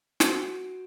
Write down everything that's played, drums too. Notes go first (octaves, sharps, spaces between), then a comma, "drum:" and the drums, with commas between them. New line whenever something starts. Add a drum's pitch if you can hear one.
F#4 C5 D7, drum: snare